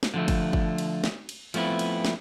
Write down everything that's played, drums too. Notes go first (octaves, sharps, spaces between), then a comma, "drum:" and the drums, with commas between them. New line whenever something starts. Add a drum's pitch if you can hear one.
drum: snare
D3 F3 A3
drum: kick, cymbal
drum: kick
drum: cymbal
drum: snare
drum: cymbal
F3 A3 B3 C4 E4, drum: cymbal
drum: cymbal
drum: snare